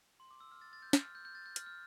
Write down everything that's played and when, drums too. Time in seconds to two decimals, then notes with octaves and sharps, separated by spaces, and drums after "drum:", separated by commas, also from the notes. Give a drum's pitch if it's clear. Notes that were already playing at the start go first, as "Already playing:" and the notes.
0.20 C6
0.31 D6
0.40 E6
0.52 F6
0.61 A6
0.73 A6
0.82 G6
0.93 F6, drum: snare
1.04 F6
1.15 G6
1.25 G6
1.35 A6
1.46 G6
1.56 F6, drum: hi-hat
1.66 F6